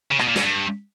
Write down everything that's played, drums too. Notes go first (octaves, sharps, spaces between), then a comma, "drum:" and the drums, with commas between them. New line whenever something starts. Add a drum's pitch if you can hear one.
C#3
B2, drum: rim click
A#2
G#2, drum: snare
G2